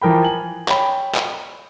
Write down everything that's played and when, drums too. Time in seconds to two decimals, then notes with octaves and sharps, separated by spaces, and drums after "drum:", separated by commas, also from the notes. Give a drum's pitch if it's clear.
0.01 E3 F3 A#4 G5 B5
0.23 G#5 F#7
0.68 C#5 G5 B5, drum: clap
1.15 drum: clap